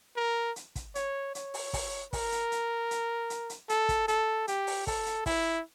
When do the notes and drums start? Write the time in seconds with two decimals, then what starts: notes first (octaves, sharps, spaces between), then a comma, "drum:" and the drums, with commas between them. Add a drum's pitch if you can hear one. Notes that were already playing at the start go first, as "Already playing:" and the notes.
0.17 A#4
0.56 drum: hi-hat
0.76 drum: kick, hi-hat
0.95 C#5, drum: hi-hat
1.35 C#5, drum: hi-hat
1.54 drum: open hi-hat
1.73 drum: kick, open hi-hat
2.13 A#4, drum: kick, open hi-hat
2.32 drum: hi-hat
2.52 drum: hi-hat
2.91 drum: hi-hat
3.30 drum: hi-hat
3.50 drum: hi-hat
3.69 A4, drum: hi-hat
3.89 drum: kick, hi-hat
4.08 A4, drum: hi-hat
4.48 G4, drum: hi-hat
4.67 drum: open hi-hat
4.87 A4, drum: kick, open hi-hat
5.06 drum: hi-hat
5.26 E4, drum: kick, open hi-hat